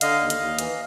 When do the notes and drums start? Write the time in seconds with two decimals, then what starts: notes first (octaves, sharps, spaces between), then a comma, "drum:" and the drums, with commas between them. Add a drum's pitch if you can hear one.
0.01 D3 D#5 F5, drum: hi-hat
0.21 D#2
0.30 drum: hi-hat
0.40 D#2
0.59 E3, drum: hi-hat